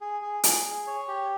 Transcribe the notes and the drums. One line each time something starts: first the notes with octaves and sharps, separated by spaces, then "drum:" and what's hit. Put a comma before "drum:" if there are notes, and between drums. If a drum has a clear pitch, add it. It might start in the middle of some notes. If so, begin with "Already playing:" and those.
G#4
G#4
G#4, drum: hi-hat
G#4
C#5
G4